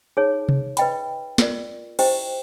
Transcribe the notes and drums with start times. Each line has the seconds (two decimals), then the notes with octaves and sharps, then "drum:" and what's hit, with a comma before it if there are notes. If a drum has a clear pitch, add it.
0.17 D#4 G#4 C#5
0.49 drum: tom C3
0.77 B4 D#5 G5 B5, drum: hi-hat
1.38 F4 A#4 D5, drum: snare
1.99 E4 G4 C5 D#5 G5, drum: cymbal